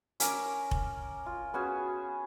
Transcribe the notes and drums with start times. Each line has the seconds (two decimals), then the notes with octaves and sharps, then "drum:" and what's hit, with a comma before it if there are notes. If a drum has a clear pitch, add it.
0.20 C#4 A#4 D6, drum: hi-hat
0.71 drum: kick F1
1.26 F4
1.54 B3 C#4 F#4 G#4